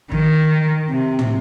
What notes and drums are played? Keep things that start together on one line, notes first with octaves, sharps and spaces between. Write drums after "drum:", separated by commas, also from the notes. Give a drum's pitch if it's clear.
D#3, drum: kick
C3
drum: tom